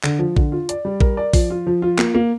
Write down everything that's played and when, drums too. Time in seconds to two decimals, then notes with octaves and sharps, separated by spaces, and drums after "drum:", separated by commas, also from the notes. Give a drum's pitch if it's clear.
0.03 D3, drum: clap
0.19 F3
0.37 D3, drum: kick A#1
0.52 F4
0.69 D5, drum: hi-hat
0.85 G3
1.00 A#4, drum: kick A#1
1.17 D5
1.33 F3, drum: kick A#1, open hi-hat
1.50 F4
1.67 F3
1.82 F4
1.98 A#3, drum: clap
2.15 A#3